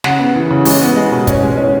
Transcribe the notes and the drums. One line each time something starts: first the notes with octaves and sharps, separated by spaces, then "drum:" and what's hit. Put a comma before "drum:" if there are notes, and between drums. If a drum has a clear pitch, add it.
C#3 F#5, drum: snare
B3
E3
C#3
G#3 C#5, drum: open hi-hat
B3
G#3 D#5
B2
C#4, drum: kick, hi-hat
G#3
C#4